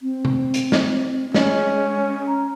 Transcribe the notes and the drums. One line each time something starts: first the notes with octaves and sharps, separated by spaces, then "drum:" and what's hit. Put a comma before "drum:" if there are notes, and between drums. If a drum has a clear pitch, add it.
C4
drum: tom C3
drum: hi-hat
drum: snare
G#3 C#4, drum: snare
A#5